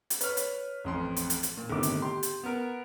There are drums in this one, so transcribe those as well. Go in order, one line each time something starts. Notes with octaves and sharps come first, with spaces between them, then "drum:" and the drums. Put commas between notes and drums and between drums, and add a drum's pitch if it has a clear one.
drum: hi-hat
B4 C#5 F6, drum: hi-hat
drum: hi-hat
A1 F2 C6
drum: hi-hat
drum: hi-hat
drum: hi-hat
A#2
G1 A2 C3 D#3 D6
drum: hi-hat
G4 C6
drum: hi-hat
B3 A#4